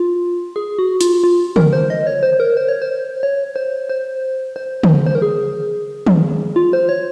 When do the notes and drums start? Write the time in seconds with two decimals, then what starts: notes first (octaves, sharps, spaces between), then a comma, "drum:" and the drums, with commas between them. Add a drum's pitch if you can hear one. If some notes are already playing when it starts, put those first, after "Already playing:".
Already playing: F4
0.56 G#4
0.79 F#4
1.01 F4, drum: hi-hat
1.24 F4
1.56 A#4, drum: tom
1.73 C5
1.90 D#5
2.07 C#5
2.23 C5
2.40 A#4
2.57 C5
2.69 C#5
2.82 C5
3.23 C#5
3.56 C5
3.89 C5
4.56 C5
4.83 drum: tom
5.06 C5
5.15 A#4
5.22 G#4
6.07 drum: tom
6.56 F4
6.73 C5
6.89 C#5